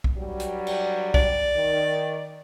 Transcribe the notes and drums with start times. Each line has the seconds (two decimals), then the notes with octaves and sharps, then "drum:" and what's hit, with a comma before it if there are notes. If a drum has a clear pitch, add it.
0.04 drum: kick B1
0.17 G2 F#3 G3
0.40 drum: hi-hat
0.67 drum: cymbal
1.14 D5, drum: kick B1
1.55 D#3